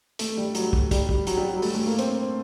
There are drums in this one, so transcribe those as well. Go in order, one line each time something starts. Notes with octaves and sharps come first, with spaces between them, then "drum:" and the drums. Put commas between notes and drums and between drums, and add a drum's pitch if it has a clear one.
A3, drum: hi-hat
G3
F#3, drum: hi-hat
drum: kick
G3, drum: kick, hi-hat
drum: kick
F#3, drum: hi-hat
G3
F#3
A3, drum: open hi-hat
A3
A#3
C4, drum: hi-hat